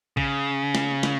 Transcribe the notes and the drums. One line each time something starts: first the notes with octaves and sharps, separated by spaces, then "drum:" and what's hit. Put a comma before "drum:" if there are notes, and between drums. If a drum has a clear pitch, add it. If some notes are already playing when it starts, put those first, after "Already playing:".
C#3, drum: kick A#1
drum: snare
drum: snare